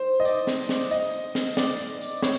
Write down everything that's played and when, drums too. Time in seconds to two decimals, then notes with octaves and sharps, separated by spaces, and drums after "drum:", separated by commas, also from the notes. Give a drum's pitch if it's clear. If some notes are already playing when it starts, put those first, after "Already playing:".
Already playing: C5
0.20 D#5
0.25 D5, drum: tambourine
0.47 drum: snare
0.69 drum: snare
0.91 D#5, drum: tambourine
1.13 drum: tambourine
1.35 drum: snare
1.57 D5, drum: snare
1.79 drum: tambourine
2.01 drum: tambourine
2.23 C#5, drum: snare